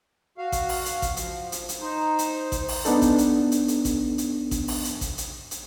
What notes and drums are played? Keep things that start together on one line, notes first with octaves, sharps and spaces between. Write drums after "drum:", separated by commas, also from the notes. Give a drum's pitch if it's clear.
F#4 F5
drum: kick A1, hi-hat
drum: open hi-hat
drum: hi-hat
drum: kick A1, hi-hat
F3, drum: hi-hat
drum: hi-hat
drum: hi-hat
D#4 C5
drum: hi-hat
drum: kick A1, hi-hat
drum: open hi-hat
B3 D4 D#4 A4, drum: hi-hat
drum: kick A1, hi-hat
drum: hi-hat
drum: hi-hat
drum: hi-hat
drum: kick A1, hi-hat
drum: hi-hat
drum: kick A1, hi-hat
drum: open hi-hat
drum: hi-hat
drum: kick A1, hi-hat
drum: hi-hat
drum: hi-hat